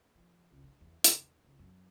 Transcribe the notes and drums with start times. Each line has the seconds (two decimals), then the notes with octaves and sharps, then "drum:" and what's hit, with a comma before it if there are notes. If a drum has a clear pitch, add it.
0.15 F3
0.52 C#2
0.64 D3
0.81 E2
1.04 C#3, drum: hi-hat
1.19 E2
1.45 C#2
1.59 F#2